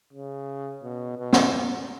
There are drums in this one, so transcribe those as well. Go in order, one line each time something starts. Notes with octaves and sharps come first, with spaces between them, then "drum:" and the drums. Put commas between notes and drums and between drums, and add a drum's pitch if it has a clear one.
C#3
B2
B2
drum: snare